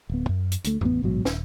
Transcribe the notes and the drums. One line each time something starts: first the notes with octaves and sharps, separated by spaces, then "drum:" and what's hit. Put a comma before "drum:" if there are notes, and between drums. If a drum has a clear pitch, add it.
D1 B3
F#2
drum: hi-hat
D2 A3, drum: hi-hat
A1 B3, drum: tom F2
A1 G#2 B2 F#3
D#1, drum: snare